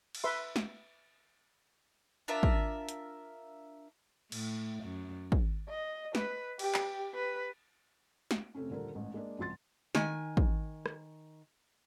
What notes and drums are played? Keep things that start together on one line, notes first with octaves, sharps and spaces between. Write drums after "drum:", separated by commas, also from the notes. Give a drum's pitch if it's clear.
drum: cymbal
B4 E5 C6
drum: snare
D4 F4 A#4 E5
drum: kick
drum: hi-hat
A2, drum: cymbal
F#2
drum: kick
D#5
B4, drum: snare
G4, drum: cymbal
drum: clap
B4
drum: snare
F2 C3 A3 C4 C#4
D#1 D3 A#4
A1 G#2
G#3 A#3 D4
G#1 C#2 F3 C6 A6
D#3 G#5, drum: snare
drum: kick
drum: rim click